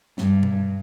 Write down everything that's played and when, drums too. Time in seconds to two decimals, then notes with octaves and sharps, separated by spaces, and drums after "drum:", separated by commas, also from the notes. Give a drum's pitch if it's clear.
0.18 G2, drum: snare
0.43 drum: tom B2